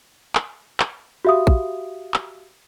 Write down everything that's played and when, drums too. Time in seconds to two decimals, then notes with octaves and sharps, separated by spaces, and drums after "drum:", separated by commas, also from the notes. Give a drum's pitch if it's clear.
0.35 drum: clap
0.80 drum: clap
1.25 F#4 G4 E5 F5 D#6
1.47 drum: kick
2.14 drum: clap